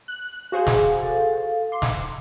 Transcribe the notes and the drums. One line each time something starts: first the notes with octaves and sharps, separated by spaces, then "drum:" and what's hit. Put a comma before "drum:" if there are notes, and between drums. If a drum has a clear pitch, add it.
F#6
F#4 G#4 C5 F5 G#5
drum: snare
A4 F5
C6 D6
drum: snare